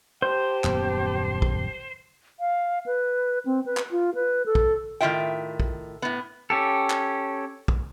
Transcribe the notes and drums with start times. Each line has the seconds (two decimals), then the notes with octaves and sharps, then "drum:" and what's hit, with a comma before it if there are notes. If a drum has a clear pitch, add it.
0.22 G4 C5 A5
0.64 D#1 F#2 B3, drum: clap
1.42 drum: kick
2.40 F5
2.86 B4
3.45 C4
3.66 B4
3.77 drum: clap
3.91 F4
4.15 B4
4.46 A4
4.55 drum: kick
5.01 A2 D#3 E3 F4 E5 G5
5.60 drum: kick
6.02 A2 B3
6.50 C#4 G4 A4
6.90 drum: clap
7.68 drum: kick